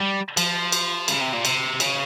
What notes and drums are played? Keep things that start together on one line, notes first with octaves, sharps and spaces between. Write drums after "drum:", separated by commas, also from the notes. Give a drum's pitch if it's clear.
G3
F3, drum: cymbal
drum: cymbal
C#3, drum: cymbal
C3
A#2
C3, drum: cymbal
C#3, drum: cymbal